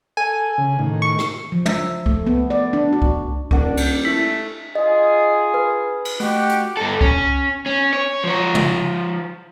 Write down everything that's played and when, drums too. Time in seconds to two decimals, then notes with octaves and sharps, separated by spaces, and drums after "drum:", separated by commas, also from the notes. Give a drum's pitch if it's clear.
0.17 A4 G#5
0.58 C#3
0.79 A2 D#3
1.02 C#6
1.19 drum: rim click
1.52 F3
1.66 E5, drum: tom
2.06 A3, drum: kick C2
2.27 B3
2.50 D5
2.73 D4
2.93 F#4
3.02 drum: kick C2
3.51 D#1 C#4 D4 A#4 F#5, drum: kick C2
3.77 drum: cymbal
4.05 A3 E4 B6
4.75 F4 G#4 D#5
5.54 B4
6.05 drum: cymbal
6.20 A3 F#4 G4 F#5 D7, drum: open hi-hat
6.49 drum: hi-hat
6.77 G2 A4
7.01 C#4, drum: kick C2
7.66 C#4
7.93 C#5
8.24 F3 C#5
8.55 drum: tom